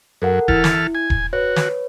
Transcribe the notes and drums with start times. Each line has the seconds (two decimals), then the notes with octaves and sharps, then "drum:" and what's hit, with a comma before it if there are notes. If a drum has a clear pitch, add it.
0.22 F#2 A4 A#4 F#5
0.48 E3 E4 A4 F6, drum: kick D#1
0.64 drum: snare
0.95 G#5
1.10 drum: kick D#1
1.33 F#4 B4 C#5
1.56 drum: snare